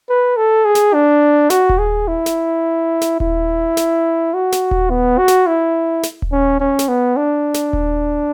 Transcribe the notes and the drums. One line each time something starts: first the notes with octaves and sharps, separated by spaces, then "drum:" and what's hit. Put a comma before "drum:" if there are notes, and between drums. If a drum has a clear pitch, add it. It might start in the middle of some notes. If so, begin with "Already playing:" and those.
B4
A4
G#4
drum: snare
D4
F#4, drum: snare
drum: kick D#1
G#4
E4
drum: snare
drum: snare
E4, drum: kick D#1
drum: snare
F#4
drum: snare
drum: kick D#1
B3
F#4
drum: snare
E4
drum: snare
drum: kick D#1
C#4
C#4
drum: snare
B3
D4
drum: snare
drum: kick D#1